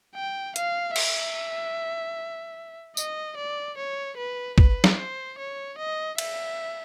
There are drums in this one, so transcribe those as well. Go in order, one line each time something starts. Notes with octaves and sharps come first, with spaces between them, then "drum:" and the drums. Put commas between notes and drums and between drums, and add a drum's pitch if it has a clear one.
G5
F5, drum: hi-hat
E5, drum: cymbal
D#5, drum: tambourine
D5
C#5
B4
B4, drum: kick
drum: snare
C5
C#5
D#5
E5, drum: cymbal